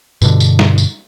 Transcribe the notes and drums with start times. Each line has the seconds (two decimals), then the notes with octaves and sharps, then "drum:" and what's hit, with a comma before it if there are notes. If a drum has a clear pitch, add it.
0.22 G2 B2 D3, drum: tambourine
0.40 drum: tambourine
0.59 drum: snare
0.78 drum: tambourine